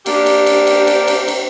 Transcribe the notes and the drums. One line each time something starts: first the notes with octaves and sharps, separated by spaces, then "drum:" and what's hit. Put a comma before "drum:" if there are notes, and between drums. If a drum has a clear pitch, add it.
A#3 D4 G4, drum: cymbal
drum: cymbal
drum: cymbal
drum: cymbal
drum: cymbal
drum: cymbal
drum: cymbal